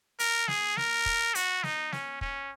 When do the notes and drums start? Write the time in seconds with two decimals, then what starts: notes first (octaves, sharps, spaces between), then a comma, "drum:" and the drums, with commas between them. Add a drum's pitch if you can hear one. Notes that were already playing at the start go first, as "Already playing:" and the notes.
0.19 A#4, drum: hi-hat
0.48 G#4, drum: snare
0.77 A#4, drum: snare
1.06 drum: kick
1.35 F#4, drum: hi-hat
1.63 D#4, drum: snare
1.92 C#4, drum: snare
2.21 C#4, drum: kick